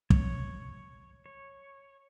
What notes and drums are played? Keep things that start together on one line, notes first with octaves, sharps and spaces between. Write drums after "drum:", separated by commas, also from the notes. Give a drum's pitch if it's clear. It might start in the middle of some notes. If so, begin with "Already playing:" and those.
C#5, drum: kick
C#5